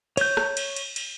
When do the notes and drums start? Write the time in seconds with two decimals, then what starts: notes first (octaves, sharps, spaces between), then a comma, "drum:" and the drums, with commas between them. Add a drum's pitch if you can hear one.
0.17 C#5 G6, drum: cymbal
0.37 drum: rim click
0.57 drum: cymbal
0.76 drum: cymbal
0.96 drum: cymbal